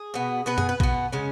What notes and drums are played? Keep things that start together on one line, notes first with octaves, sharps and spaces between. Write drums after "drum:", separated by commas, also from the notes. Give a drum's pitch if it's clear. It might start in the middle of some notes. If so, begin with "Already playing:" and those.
Already playing: G#4
B2 B3
B2 B3 B4
G#4, drum: tom F#2
B4
B2 B3, drum: kick
C#3 G#3 C#4